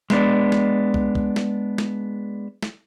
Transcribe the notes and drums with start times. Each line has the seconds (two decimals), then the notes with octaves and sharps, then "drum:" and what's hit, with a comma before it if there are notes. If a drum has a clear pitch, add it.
0.10 G#3 B3 D4, drum: snare
0.52 drum: snare
0.94 drum: kick
1.15 drum: kick
1.36 drum: snare
1.78 drum: snare
2.63 drum: snare